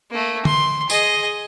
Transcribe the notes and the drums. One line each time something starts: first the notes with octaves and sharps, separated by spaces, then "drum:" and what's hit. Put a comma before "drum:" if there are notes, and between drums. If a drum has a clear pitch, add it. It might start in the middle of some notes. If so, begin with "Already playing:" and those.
A3 A#3
C6, drum: tom D3
G#4 D#5, drum: tambourine